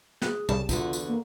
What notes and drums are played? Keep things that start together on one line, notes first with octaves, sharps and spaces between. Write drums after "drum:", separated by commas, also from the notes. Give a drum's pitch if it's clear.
G#4 F#6, drum: snare
C2 C#3 G3 A5
E2 D3 F4 F#4, drum: kick, tambourine
drum: tambourine
A#3